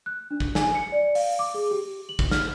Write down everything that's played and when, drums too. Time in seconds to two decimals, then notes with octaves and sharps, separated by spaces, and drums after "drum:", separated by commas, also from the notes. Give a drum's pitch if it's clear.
0.06 F#6
0.31 D4
0.40 drum: kick
0.55 G#5, drum: snare
0.75 C#7
0.92 D5
1.15 F5, drum: open hi-hat
1.39 D6
1.54 G#4
1.71 G4
2.09 F#7
2.19 drum: kick
2.31 F6, drum: snare